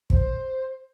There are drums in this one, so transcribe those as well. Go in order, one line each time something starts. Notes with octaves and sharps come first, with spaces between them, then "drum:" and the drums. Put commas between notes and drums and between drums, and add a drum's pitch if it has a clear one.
C5, drum: kick